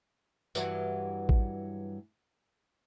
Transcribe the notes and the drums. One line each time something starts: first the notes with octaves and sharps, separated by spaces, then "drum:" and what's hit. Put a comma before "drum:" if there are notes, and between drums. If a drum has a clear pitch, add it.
G2 E3 F#3, drum: tambourine
drum: kick A1